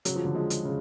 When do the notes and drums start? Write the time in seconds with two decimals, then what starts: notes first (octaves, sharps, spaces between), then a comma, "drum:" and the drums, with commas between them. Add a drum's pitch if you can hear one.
0.05 C#3 F#3, drum: hi-hat
0.15 F3
0.25 D3
0.35 F3 G#3
0.50 drum: hi-hat
0.65 C#3